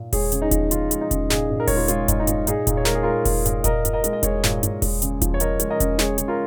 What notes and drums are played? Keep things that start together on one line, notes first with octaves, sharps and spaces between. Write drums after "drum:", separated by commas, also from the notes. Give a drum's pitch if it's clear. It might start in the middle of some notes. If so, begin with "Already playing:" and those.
Already playing: A#2
G#3 G#4 C#5, drum: kick E1, open hi-hat
C#3, drum: hi-hat
D#4 G#4
F3, drum: kick E1, hi-hat
C#3 F4, drum: hi-hat
G#3, drum: hi-hat
D#4
C#3, drum: kick E1, hi-hat
A#2 D#4 G#4, drum: snare
A#2
A#4
G#3 C#5, drum: kick E1, open hi-hat
F4 A#4
G#3 F4, drum: hi-hat
A#2 D#4, drum: kick E1, hi-hat
D#4
A#2 F4, drum: hi-hat
A#2 D#4 G#4, drum: hi-hat
A#2, drum: kick E1, hi-hat
C#5
G#3 A#4, drum: snare
G#4
G#3 F4 A#4
A#2, drum: kick E1, open hi-hat
A#2, drum: hi-hat
A#2 A#4 D#5, drum: kick E1, hi-hat
A#2, drum: hi-hat
A#4 D#5
G#3, drum: hi-hat
D#5
G#3 G#4 C#5, drum: kick E1, hi-hat
A#2, drum: snare
A#2, drum: hi-hat
G#3, drum: kick E1, open hi-hat
C#3, drum: hi-hat
F3, drum: kick E1, hi-hat
C#5
C#3 A#4 D#5, drum: hi-hat
G#3, drum: hi-hat
A#4 D#5
C#3, drum: kick E1, hi-hat
G#3 G#4 C#5, drum: snare
C#3 G#4, drum: hi-hat
F4 A#4